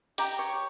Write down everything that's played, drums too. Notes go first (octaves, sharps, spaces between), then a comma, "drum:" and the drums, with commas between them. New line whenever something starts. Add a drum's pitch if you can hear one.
G4 G5 A#5, drum: hi-hat
C#5